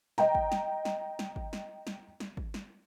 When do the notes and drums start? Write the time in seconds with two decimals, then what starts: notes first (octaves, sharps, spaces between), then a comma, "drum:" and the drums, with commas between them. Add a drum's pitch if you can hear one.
0.18 D#5 G5 A#5, drum: snare
0.35 drum: kick
0.52 drum: snare
0.85 drum: snare
1.19 drum: snare
1.36 drum: kick
1.53 drum: snare
1.87 drum: snare
2.20 drum: snare
2.37 drum: kick
2.54 drum: snare